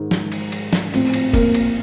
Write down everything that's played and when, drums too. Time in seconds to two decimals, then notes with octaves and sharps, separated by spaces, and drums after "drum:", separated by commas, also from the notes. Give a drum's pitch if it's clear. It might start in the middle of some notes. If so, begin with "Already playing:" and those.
Already playing: G#2 D#3
0.11 drum: snare F3
0.32 drum: cymbal
0.52 drum: cymbal
0.73 drum: snare F3
0.94 A2 F3 C4, drum: cymbal
1.14 drum: cymbal
1.34 A#3, drum: kick, cymbal
1.54 drum: cymbal